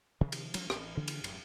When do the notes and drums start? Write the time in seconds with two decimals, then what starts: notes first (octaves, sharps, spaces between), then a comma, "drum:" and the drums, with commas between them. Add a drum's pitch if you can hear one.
0.21 C3 D#3 F3
0.32 drum: cymbal
0.54 E3 F3 G#3 C#4, drum: cymbal
0.70 A1, drum: rim click
0.97 C#3 E3 F3 A#3
1.08 drum: cymbal
1.24 E1 F#2 A2 C#3, drum: cymbal